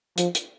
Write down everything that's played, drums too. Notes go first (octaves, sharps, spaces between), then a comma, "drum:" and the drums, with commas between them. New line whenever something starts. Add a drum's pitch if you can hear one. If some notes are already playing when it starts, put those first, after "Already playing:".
F3, drum: hi-hat
drum: hi-hat